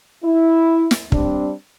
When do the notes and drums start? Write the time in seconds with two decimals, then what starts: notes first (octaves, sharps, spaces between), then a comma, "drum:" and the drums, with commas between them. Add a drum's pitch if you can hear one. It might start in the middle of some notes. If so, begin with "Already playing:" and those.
0.23 E4
0.91 drum: snare
1.12 G3 C4 D4, drum: kick